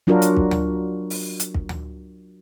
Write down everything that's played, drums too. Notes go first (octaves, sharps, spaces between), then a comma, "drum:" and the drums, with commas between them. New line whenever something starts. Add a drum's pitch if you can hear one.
F#3 D4 F4 F#4 A#4
drum: hi-hat
drum: kick
drum: tom D2
drum: open hi-hat
drum: hi-hat
drum: kick
drum: tom D2